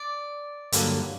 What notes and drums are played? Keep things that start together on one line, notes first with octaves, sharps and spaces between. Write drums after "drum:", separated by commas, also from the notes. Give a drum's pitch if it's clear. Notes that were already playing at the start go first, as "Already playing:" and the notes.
Already playing: D5
G2 D3 F#3 A#3, drum: hi-hat